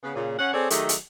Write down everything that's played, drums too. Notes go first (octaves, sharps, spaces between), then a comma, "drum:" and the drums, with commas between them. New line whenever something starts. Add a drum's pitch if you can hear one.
C#3 B3
A#2 C#3
C#3 C#4 F#5
C4 G#4 A4 C#5 D5
D#3 F#3 A3 G4 G#4 D#5, drum: hi-hat
drum: hi-hat